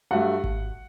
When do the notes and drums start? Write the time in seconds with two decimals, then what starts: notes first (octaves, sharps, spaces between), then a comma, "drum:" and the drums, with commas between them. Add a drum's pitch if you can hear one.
0.11 G2 F#3 A3 F#5
0.44 drum: kick G#1